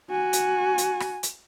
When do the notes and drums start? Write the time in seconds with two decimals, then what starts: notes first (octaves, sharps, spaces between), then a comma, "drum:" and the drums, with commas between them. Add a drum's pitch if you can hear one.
0.10 F#4 G#5
0.33 drum: hi-hat
0.78 drum: hi-hat
1.00 drum: rim click
1.23 drum: hi-hat